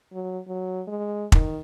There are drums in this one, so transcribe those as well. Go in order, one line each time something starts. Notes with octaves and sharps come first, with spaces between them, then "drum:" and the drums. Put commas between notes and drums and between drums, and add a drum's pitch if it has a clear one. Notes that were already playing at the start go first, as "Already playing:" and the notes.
F#3
F#3
G#3
D#3, drum: kick